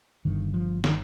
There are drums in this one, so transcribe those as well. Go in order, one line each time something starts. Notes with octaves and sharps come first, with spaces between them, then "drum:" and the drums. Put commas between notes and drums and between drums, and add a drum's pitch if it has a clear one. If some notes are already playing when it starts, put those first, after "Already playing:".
G1 G2 D3 D#3
F3
D#3, drum: snare